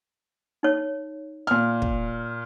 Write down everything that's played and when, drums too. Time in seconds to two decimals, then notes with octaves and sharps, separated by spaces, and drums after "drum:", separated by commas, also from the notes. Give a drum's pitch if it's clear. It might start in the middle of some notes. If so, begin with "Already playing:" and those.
0.63 D#4 C#5
1.47 A#2 F6
1.82 drum: kick